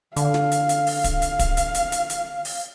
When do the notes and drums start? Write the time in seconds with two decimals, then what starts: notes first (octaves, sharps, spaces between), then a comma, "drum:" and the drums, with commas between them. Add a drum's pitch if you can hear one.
0.16 D3 F5, drum: hi-hat
0.34 drum: snare
0.52 drum: hi-hat
0.69 drum: hi-hat
0.87 drum: open hi-hat
1.04 drum: kick, hi-hat
1.22 drum: hi-hat
1.39 drum: kick, hi-hat
1.57 drum: hi-hat
1.75 drum: hi-hat
1.92 drum: hi-hat
2.10 drum: hi-hat
2.45 drum: open hi-hat